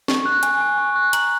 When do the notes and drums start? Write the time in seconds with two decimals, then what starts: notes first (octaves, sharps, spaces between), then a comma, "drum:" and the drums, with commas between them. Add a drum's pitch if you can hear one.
0.08 C#6, drum: snare
0.26 F#6
0.43 G#5, drum: hi-hat
0.61 G#5
0.78 C#6
0.96 F#6
1.13 A#5 F#7, drum: hi-hat